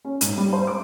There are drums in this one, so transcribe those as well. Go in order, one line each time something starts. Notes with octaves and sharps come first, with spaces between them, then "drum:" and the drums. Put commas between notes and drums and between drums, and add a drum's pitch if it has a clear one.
C#4
G#2, drum: hi-hat
G3
C5
D6